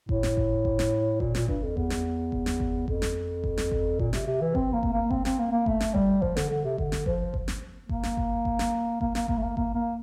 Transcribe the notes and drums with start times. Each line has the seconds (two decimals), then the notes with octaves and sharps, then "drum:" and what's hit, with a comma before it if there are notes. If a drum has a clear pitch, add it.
0.09 A2, drum: kick G1
0.23 drum: snare
0.37 drum: kick G1
0.65 drum: kick G1
0.79 drum: snare
1.20 A#2, drum: kick G1
1.35 A#2, drum: snare
1.48 G2, drum: kick G1
1.63 F2
1.77 E2, drum: kick G1
1.90 drum: snare
2.32 drum: kick G1
2.46 drum: snare
2.60 drum: kick G1
2.88 F2, drum: kick G1
3.02 drum: snare
3.44 drum: kick G1
3.58 drum: snare
3.71 drum: kick G1
3.99 A#2, drum: kick G1
4.13 C3, drum: snare
4.27 C3
4.41 E3
4.55 C4, drum: kick G1
4.73 A#3
4.83 drum: kick G1
4.93 A#3
5.11 C4, drum: kick G1
5.25 C4, drum: snare
5.39 A#3
5.52 A#3
5.66 A3, drum: kick G1
5.80 drum: snare
5.95 G3, drum: kick G1
6.22 F3, drum: kick G1
6.37 D3, drum: snare
6.50 D3
6.64 C3
6.78 D3, drum: kick G1
6.92 drum: snare
7.06 F3, drum: kick G1
7.34 drum: kick G1
7.48 drum: snare
7.89 A#3, drum: kick G1
8.03 drum: snare
8.17 drum: kick G1
8.45 drum: kick G1
8.59 drum: snare
9.01 A#3, drum: kick G1
9.15 A#3, drum: snare
9.28 A#3, drum: kick G1
9.38 A3
9.43 A#3
9.57 A#3, drum: kick G1
9.75 A#3